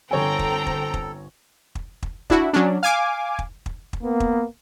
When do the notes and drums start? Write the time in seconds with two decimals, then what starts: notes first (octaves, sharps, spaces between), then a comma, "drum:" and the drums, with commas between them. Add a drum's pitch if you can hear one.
0.11 G1 D3 C4 A4 C#5 G5 G#5 A#5
0.39 drum: kick
0.66 drum: kick
0.94 drum: kick
1.75 drum: kick
2.03 drum: kick
2.30 D4 E4 F#4, drum: kick
2.53 F#3 C#4 D4
2.83 F5 G#5 D6
3.39 drum: kick
3.66 drum: kick
3.93 drum: kick
4.03 A#3 B3
4.20 drum: kick